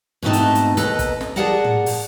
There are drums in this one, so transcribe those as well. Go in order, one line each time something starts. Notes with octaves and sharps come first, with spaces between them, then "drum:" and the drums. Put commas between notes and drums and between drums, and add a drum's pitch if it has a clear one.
G#2 B2 A3 C4 D#4 A5
drum: hi-hat
drum: hi-hat
D#2 A4 B4 D#5 A#5, drum: hi-hat
drum: kick, hi-hat
drum: snare
G#4 A#4 D5 F#5 A5 A#5
drum: tom
drum: open hi-hat